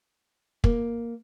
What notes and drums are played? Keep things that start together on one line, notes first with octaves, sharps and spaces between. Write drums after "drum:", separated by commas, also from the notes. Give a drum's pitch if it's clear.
A#3, drum: kick